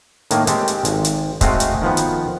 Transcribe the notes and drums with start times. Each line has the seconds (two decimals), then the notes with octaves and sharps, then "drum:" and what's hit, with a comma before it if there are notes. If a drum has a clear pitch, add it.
0.31 A2 D#3 A#3, drum: hi-hat
0.47 G#3 C4 G4 A4, drum: hi-hat
0.68 drum: hi-hat
0.85 G#1, drum: hi-hat
1.05 drum: hi-hat
1.41 G#3 A3 C4 F#4 D#5 F5, drum: kick, hi-hat
1.60 drum: hi-hat
1.82 D#3 F3 B3
1.97 drum: hi-hat